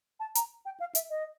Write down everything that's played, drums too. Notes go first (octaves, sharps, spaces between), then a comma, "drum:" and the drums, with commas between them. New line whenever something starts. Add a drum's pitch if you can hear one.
A5
A#5, drum: hi-hat
G5
F5
E5, drum: hi-hat
D#5